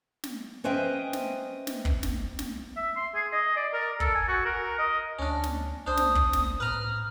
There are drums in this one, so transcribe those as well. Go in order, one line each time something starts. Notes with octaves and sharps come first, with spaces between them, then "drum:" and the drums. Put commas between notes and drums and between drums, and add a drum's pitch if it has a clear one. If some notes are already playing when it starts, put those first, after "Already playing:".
drum: snare
C#4 B4 C5 D#5 E5 G5
drum: snare
drum: snare
drum: kick
drum: snare
drum: snare
E5
C6
G#4
D#5
D5
A#4
A4, drum: kick
G#5
F#4
A#4
D#5
D2 C#4 D4
drum: snare
C2 D4 C5 D#6
drum: snare
drum: kick
drum: snare
A2 B4 A#5 F6